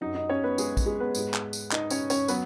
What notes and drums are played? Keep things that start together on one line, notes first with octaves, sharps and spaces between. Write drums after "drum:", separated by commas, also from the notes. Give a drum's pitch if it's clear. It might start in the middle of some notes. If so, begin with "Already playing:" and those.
F#2 F#3 D#4
D#4 D#5
C#4 C#5
B3 B4
G#3 G#4, drum: tambourine
drum: kick A#1, tambourine
G#3 G#4
B3 B4
G#2 G#3, drum: tambourine
drum: clap
drum: tambourine
D#4 D#5, drum: clap
C#4 C#5, drum: tambourine
C#4 C#5, drum: tambourine
F#3 B3 B4, drum: tambourine